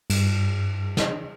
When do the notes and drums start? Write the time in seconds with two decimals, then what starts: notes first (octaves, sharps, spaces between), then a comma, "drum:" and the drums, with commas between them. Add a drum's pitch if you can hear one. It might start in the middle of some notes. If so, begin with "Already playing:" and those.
0.10 G2, drum: cymbal
0.97 drum: snare